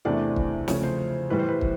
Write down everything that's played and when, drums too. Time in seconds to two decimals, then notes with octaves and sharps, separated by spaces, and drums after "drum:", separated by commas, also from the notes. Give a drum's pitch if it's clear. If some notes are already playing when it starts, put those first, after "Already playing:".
0.05 E2 C3 E3 A3 D4 D5
0.36 drum: kick
0.68 C#3 F3 A3 C#5, drum: snare
0.83 C5
1.30 A2 E3 G3 B4
1.39 C5
1.49 B4
1.61 drum: kick